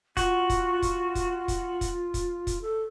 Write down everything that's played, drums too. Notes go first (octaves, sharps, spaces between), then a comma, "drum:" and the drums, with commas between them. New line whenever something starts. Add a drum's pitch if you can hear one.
F4 F#4, drum: kick, hi-hat
drum: kick, hi-hat
drum: kick, hi-hat
drum: kick, hi-hat
drum: kick, hi-hat
drum: kick, hi-hat
drum: kick, hi-hat
drum: kick, hi-hat
A4